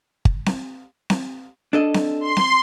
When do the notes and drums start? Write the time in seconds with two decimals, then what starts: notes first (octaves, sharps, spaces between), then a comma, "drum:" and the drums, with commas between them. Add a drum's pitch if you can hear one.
0.25 drum: kick G1
0.46 drum: snare C4
1.10 drum: snare C4
1.73 D4 A4 D#5
1.94 drum: snare C4
2.21 C6
2.37 drum: snare C4